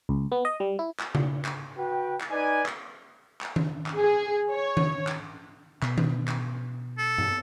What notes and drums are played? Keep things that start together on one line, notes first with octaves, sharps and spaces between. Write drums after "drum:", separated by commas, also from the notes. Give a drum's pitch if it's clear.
C#2
B3
D#5
G3
E4
drum: clap
drum: tom C#3
drum: clap
F#4 B4 G5
drum: clap
D#4 B4 D5 G#5
drum: clap
drum: clap
drum: tom D#3
drum: clap
G#4
C#5
drum: tom D#3
drum: clap
B2, drum: clap
drum: tom D#3
drum: clap
A4
drum: tom G2